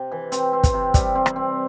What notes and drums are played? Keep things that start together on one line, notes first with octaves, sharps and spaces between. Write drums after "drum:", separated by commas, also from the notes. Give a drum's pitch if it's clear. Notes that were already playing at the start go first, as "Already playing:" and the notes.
Already playing: C3
E3
C4, drum: hi-hat
C4
drum: kick, hi-hat
C3
G3, drum: kick, hi-hat
C4
drum: rim click
C4